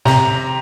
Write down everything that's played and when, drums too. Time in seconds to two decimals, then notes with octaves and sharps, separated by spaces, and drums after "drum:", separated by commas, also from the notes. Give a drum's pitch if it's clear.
0.05 C3 A#5, drum: snare